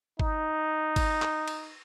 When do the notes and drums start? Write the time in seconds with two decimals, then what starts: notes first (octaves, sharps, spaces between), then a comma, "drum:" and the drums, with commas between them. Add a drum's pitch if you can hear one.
0.20 D#4, drum: kick G1
0.96 drum: kick G1, cymbal
1.22 drum: clap
1.48 drum: cymbal